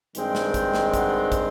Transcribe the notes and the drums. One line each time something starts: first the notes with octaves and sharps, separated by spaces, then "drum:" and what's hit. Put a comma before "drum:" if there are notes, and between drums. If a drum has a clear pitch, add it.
G2 D#3 G#3 C4 G5, drum: hi-hat
drum: snare
drum: kick, hi-hat
drum: snare
F#5, drum: kick, hi-hat
drum: kick, hi-hat